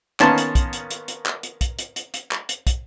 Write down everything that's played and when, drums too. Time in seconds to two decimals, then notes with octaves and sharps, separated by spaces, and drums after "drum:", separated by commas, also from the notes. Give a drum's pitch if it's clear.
0.20 D#3 A#3 B3 C#4 A5 C6, drum: clap
0.38 drum: hi-hat
0.55 drum: kick, hi-hat
0.73 drum: hi-hat
0.91 drum: hi-hat
1.08 drum: hi-hat
1.26 drum: clap
1.43 drum: hi-hat
1.61 drum: kick, hi-hat
1.79 drum: hi-hat
1.96 drum: hi-hat
2.14 drum: hi-hat
2.31 drum: clap
2.49 drum: hi-hat
2.67 drum: kick, hi-hat